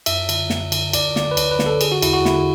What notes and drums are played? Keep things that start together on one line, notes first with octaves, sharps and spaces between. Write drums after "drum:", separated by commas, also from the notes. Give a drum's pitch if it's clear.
F#2 E5, drum: cymbal
D3, drum: cymbal
F#2, drum: snare
D3, drum: cymbal
D2 D5, drum: cymbal
D3 D5, drum: snare
B4
D2 C#5, drum: cymbal
B4
D3, drum: snare
A4
D3 G#4, drum: cymbal
F#4
E2 E4, drum: cymbal
F#4
D3 E4, drum: snare